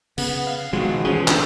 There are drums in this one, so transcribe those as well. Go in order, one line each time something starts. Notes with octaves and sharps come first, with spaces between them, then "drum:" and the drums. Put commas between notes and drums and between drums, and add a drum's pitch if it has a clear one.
C#3 B3, drum: cymbal
F5
B2 D#3 F3 G#3 F#4
B2 E3 F3 C#4 G#4
D3 A3, drum: clap